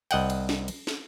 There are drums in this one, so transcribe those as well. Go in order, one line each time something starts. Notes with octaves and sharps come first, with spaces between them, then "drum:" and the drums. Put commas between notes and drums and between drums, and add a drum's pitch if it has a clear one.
C2 D#5 F#5 G5, drum: cymbal
drum: cymbal
drum: snare
drum: cymbal
drum: snare